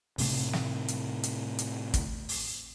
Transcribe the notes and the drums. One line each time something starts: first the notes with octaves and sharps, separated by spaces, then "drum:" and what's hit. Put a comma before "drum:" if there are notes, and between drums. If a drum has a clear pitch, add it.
A2 C3 A3, drum: open hi-hat
drum: snare
drum: hi-hat
drum: hi-hat
drum: hi-hat
drum: kick, hi-hat
drum: open hi-hat